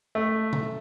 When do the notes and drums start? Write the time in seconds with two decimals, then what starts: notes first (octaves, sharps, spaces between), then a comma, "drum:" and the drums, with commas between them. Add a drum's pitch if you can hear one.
0.15 A3
0.53 drum: tom